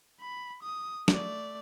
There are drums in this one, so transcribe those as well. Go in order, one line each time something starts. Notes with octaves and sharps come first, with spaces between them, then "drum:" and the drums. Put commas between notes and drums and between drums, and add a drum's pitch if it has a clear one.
B5
D#6
A3 D5, drum: snare